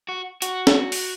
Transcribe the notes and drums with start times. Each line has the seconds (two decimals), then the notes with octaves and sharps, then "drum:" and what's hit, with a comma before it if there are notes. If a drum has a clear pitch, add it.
0.09 F#4
0.42 F#4, drum: hi-hat
0.67 drum: snare
0.92 drum: open hi-hat